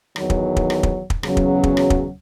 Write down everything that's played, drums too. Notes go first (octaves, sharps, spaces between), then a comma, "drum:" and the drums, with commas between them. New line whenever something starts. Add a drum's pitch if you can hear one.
E2 D#3 F#3, drum: rim click
drum: kick
drum: kick
drum: rim click
drum: kick
drum: kick
E2 C#3 F#3 C#4, drum: rim click
drum: kick
drum: kick
drum: rim click
drum: kick